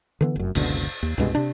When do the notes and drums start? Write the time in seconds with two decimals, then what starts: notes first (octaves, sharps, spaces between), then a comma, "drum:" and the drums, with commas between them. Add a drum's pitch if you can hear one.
0.21 D3 E3 B3
0.36 F1 F#2
0.55 F#1 C#2 B2 D3, drum: cymbal
1.03 D#2
1.18 C2 G2 B2 G#3
1.35 C3 D4